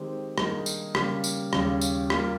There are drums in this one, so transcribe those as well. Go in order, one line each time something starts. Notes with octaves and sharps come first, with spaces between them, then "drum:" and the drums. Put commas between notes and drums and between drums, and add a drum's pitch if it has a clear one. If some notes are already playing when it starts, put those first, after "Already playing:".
Already playing: D#3 G#3 C4 G4
G2 D#3 A#3 D#4 G#4, drum: rim click
drum: tambourine
C#3 G3 A#3, drum: rim click
drum: tambourine
D#2 C#3 G3 C#4 G#4, drum: rim click
drum: tambourine
G3 A#3 F4, drum: rim click